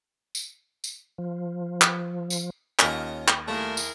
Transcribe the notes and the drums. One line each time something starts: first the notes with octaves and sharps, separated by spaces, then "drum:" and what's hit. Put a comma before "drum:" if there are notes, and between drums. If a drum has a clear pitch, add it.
drum: tambourine
drum: tambourine
F3
drum: clap
drum: tambourine
D#2 C#4 F4 D#5 F6, drum: clap
drum: clap
G3 A3 A#3 E4 G#4 A#4
drum: tambourine